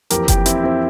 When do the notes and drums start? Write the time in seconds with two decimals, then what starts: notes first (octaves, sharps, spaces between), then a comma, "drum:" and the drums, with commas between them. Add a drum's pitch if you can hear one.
0.10 F2 E3 A#3 G4 A#4, drum: hi-hat
0.28 G4 A#4, drum: kick F#1, hi-hat
0.46 C4 E4, drum: hi-hat
0.63 C4 E4